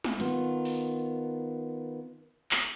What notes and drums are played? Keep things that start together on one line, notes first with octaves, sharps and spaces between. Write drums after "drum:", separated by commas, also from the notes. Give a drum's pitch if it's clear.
drum: snare
D#3 B3 F4, drum: hi-hat
drum: open hi-hat
drum: clap